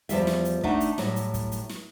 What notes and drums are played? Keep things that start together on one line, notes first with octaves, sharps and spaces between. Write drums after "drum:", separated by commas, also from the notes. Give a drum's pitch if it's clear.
E2 F3 G3 E5, drum: hi-hat
drum: snare
drum: hi-hat
A3 D4 D#4 E5 F#5, drum: kick
drum: hi-hat
A2 F#3 G3, drum: snare
drum: hi-hat
drum: kick, hi-hat
drum: hi-hat
drum: snare